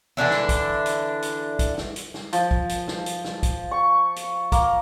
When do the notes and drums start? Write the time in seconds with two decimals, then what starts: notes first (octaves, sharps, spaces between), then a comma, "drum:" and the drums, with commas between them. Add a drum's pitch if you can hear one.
0.17 D3 E3 D4 E4
0.31 drum: snare
0.49 drum: kick, hi-hat
0.86 drum: hi-hat
1.22 drum: hi-hat
1.59 drum: kick, hi-hat
1.77 drum: snare
1.96 drum: hi-hat
2.14 drum: snare
2.33 F3, drum: hi-hat
2.51 drum: kick
2.69 drum: hi-hat
2.88 drum: snare
3.06 drum: hi-hat
3.24 drum: snare
3.43 drum: kick, hi-hat
3.71 C#6
4.16 drum: hi-hat
4.52 A#3, drum: kick, hi-hat